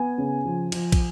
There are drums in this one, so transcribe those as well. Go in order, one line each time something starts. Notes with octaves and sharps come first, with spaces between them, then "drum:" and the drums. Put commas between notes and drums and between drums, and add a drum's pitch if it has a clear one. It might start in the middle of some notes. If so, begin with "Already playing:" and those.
Already playing: B3 G#5
C#3
F3
F3, drum: cymbal
drum: kick, cymbal